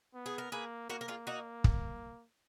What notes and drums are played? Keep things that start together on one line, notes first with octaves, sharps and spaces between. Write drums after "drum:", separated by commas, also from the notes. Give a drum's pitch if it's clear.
B3
G#4
A#4
A#3 G#4 B4
A#3 F#4 A#4
A#4
F4 G#4
D#4 F#4
drum: kick